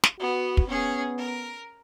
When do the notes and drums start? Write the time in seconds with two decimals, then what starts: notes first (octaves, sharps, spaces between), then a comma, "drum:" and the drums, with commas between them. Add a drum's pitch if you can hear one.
0.04 drum: snare
0.19 B3 F#4
0.57 drum: kick
0.68 B3 C#4 G#4
1.18 A#4